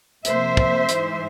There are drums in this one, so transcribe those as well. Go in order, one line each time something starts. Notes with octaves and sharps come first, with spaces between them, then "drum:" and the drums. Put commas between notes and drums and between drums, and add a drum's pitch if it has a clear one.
C3 F3 A#3 C5 E5, drum: hi-hat
drum: kick
G#2 E3 G#3, drum: hi-hat